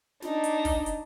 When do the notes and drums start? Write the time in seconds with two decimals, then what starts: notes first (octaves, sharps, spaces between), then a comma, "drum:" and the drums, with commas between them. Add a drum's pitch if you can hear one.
0.22 D4 D#4, drum: snare
0.44 drum: hi-hat
0.65 drum: kick, open hi-hat
0.86 drum: hi-hat